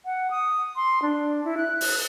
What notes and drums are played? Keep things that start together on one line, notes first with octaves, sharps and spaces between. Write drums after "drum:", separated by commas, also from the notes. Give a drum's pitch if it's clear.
F#5
D#6
C6
D4
E4
F#6
drum: open hi-hat